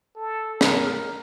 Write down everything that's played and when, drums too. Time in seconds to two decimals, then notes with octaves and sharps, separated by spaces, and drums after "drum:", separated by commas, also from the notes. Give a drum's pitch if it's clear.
0.16 A4
0.61 A#4, drum: snare